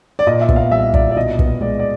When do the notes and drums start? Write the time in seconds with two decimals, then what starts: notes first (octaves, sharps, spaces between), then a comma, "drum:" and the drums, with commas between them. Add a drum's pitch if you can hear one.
0.19 D5
0.27 A#2 D#5
0.41 E5
0.49 B3, drum: kick
0.56 F5
0.72 G3 E5
0.94 A#2 D5, drum: kick
1.11 D5
1.16 B2 D#5
1.39 B3, drum: kick
1.61 G#3 D5
1.79 D5